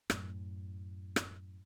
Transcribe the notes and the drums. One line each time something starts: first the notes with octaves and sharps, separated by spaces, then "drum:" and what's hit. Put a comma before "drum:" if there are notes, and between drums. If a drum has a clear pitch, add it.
F#2 A2, drum: rim click
drum: rim click